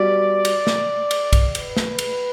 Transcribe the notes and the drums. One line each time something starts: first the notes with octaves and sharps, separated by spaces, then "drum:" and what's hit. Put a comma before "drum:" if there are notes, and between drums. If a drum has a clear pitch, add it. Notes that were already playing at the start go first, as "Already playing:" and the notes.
Already playing: B2 G3 D5
drum: cymbal
drum: snare
drum: cymbal
drum: kick B1, cymbal
B4, drum: cymbal
drum: snare
drum: cymbal